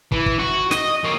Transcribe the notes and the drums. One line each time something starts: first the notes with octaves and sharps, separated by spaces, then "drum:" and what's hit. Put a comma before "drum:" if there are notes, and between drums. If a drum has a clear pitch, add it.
E3, drum: kick
drum: kick
F#4
D#5, drum: snare
A#3 C#5